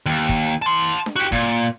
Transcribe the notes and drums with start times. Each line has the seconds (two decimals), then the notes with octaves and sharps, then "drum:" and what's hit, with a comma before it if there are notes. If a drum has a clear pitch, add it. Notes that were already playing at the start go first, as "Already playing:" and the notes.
0.06 D#2
0.29 drum: kick
0.62 A5 C6
1.06 drum: snare D4
1.16 F#4 G4
1.32 A#2, drum: kick